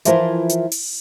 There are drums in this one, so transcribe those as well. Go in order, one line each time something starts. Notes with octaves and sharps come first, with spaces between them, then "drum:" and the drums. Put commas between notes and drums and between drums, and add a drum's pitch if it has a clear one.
E3 F3 E4 F4 A#4 C5, drum: hi-hat
drum: hi-hat
drum: open hi-hat